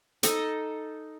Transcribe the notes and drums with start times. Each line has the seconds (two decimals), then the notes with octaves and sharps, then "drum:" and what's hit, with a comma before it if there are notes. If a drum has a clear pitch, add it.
0.23 D#4 A4 D#5, drum: hi-hat